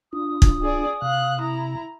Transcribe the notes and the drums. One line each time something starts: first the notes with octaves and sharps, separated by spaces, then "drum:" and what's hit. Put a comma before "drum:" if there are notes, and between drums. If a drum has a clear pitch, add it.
D4 F4 D#6
drum: kick
G#4 D5
C3 F5 F#6
E4 A#5